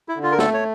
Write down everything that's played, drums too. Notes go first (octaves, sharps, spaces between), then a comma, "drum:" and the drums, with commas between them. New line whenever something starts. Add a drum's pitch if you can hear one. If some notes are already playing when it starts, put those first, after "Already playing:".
E4
D3
F4
A#4
A3 A4, drum: snare
C#5